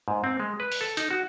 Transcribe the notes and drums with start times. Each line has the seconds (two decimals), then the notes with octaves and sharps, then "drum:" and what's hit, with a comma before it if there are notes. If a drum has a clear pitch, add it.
0.08 G#2
0.24 C4
0.40 G#3
0.60 B4
0.72 drum: open hi-hat
0.81 A4
0.97 D#4, drum: hi-hat
1.11 F#4